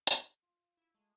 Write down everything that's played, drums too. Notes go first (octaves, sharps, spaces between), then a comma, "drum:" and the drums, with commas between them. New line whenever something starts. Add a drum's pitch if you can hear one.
drum: hi-hat
F4
E4
G#3 A3